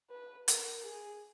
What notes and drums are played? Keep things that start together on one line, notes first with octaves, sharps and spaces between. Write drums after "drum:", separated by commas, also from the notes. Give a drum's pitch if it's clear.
B4
A#4, drum: hi-hat
G#4